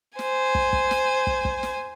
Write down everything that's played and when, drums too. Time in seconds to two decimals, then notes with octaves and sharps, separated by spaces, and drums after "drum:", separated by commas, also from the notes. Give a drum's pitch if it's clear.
0.19 C5 G#5, drum: snare
0.55 drum: kick
0.73 drum: kick
0.91 drum: snare
1.27 drum: kick
1.45 drum: kick
1.63 drum: snare